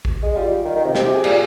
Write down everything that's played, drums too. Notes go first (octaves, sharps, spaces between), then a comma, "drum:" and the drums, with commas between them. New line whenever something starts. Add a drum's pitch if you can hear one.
drum: kick
G#3
G3 F4
D#3
D#3
C3
C3 G4, drum: snare
G4
G#4
A#2 A#4, drum: cymbal